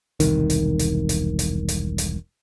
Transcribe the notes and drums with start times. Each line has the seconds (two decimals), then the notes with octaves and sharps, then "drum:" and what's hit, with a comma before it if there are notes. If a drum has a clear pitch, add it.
0.20 E1 C2 D#3, drum: hi-hat
0.50 drum: hi-hat
0.79 drum: hi-hat
1.09 drum: hi-hat
1.39 drum: hi-hat
1.69 drum: hi-hat
1.98 drum: hi-hat